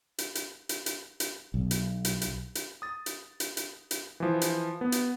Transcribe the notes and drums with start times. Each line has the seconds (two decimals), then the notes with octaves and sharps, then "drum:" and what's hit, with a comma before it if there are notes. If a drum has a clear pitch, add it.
0.18 drum: hi-hat
0.35 drum: hi-hat
0.69 drum: hi-hat
0.86 drum: hi-hat
1.20 drum: hi-hat
1.54 B1
1.71 drum: hi-hat
2.05 drum: hi-hat
2.22 drum: hi-hat
2.55 drum: hi-hat
2.82 D#6 A6
3.06 drum: hi-hat
3.40 drum: hi-hat
3.57 drum: hi-hat
3.91 drum: hi-hat
4.20 E3 F3
4.41 drum: hi-hat
4.81 B3
4.92 drum: hi-hat